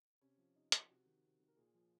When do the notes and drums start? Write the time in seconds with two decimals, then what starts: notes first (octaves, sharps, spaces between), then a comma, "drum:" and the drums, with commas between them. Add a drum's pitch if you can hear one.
0.21 C3 C#4
0.38 F3
0.55 C3 D#4
0.72 F3, drum: hi-hat
0.89 C3 F#4
1.06 D#3
1.23 C3
1.40 D#3
1.48 A#4
1.57 A#2 G#4
1.74 F3